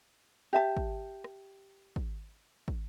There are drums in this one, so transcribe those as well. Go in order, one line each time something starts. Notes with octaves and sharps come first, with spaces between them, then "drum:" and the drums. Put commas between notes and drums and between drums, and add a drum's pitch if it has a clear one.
G4 E5 A5
drum: kick
drum: rim click
drum: kick
drum: kick